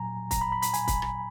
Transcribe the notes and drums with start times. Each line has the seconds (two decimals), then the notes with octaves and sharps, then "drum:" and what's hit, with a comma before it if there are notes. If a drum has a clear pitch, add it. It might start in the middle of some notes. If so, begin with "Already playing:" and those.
Already playing: A#2 F#3 G#5 A#5
0.31 A#5, drum: kick, hi-hat
0.41 B5
0.52 B5
0.62 B5, drum: hi-hat
0.73 G#5, drum: hi-hat
0.88 B5, drum: kick, hi-hat
1.02 drum: rim click